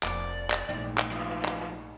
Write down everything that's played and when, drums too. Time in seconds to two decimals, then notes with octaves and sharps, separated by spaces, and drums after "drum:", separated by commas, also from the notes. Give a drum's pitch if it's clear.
0.03 F1 F3 A#3 D5, drum: clap
0.51 drum: clap
0.69 A#1 G#2 E3 G3 A3
0.98 drum: clap
1.11 E3 F3 D#4 E4
1.45 drum: clap